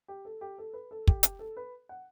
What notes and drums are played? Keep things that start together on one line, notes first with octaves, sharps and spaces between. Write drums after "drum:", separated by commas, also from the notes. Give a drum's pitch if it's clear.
G4
A4
G4
A4
B4
A4
G4, drum: kick
G4, drum: hi-hat
A4
B4
F#5